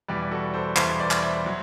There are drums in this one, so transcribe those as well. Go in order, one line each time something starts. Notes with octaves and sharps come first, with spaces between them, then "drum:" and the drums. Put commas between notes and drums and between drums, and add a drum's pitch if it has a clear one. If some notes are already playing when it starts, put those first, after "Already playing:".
E2 B2 G3 B4 D5
F#4 A4
A4 C5
E2 B2 G3 C5 E5, drum: clap
B4 D5
drum: clap
C5 E5
F#3